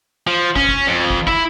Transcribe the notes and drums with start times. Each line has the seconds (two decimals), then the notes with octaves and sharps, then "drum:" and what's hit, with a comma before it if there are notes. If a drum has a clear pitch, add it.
0.27 F3
0.56 C#4, drum: kick
0.69 drum: kick
0.87 F2
1.10 drum: kick
1.27 E4, drum: kick